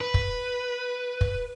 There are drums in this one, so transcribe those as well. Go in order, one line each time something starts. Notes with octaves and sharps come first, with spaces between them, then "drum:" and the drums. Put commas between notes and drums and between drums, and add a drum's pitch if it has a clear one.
B4
drum: kick
drum: kick